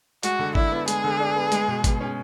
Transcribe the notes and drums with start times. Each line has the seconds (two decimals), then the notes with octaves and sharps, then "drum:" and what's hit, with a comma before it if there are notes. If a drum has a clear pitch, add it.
0.23 G#3 F#4, drum: hi-hat
0.39 D3
0.55 D4 E4, drum: kick G#1
0.72 B3
0.88 G#3 G#4, drum: hi-hat
1.04 D3
1.20 D4
1.36 B3
1.52 G#3, drum: hi-hat
1.68 B2
1.84 B2, drum: kick G#1, hi-hat
2.01 C#4